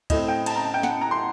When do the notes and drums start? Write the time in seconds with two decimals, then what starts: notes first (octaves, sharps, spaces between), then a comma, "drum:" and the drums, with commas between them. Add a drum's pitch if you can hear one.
0.10 A2 A3 C4 D#5, drum: kick D2, cymbal
0.28 G5
0.46 A5, drum: cymbal
0.56 A#5
0.64 A5
0.74 G5
0.83 F#5, drum: snare
1.01 A#5
1.11 C6